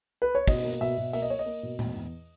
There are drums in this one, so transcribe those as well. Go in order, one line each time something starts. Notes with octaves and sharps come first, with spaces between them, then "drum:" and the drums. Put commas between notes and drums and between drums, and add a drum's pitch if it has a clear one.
B4
C#5
B2 D#5, drum: kick, open hi-hat
A#3
B2 E5
B2
A#3 E5, drum: open hi-hat
D#5
A#3 C#5
D#5
A#3
B2
E2, drum: tom A#2
E2